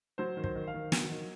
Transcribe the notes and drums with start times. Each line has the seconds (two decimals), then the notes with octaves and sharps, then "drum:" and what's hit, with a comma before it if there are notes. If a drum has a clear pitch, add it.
0.18 F#3 C5
0.37 D#3
0.44 C5, drum: kick
0.55 D#3
0.67 F5
0.74 D#3
0.92 F#3, drum: snare
1.11 D#3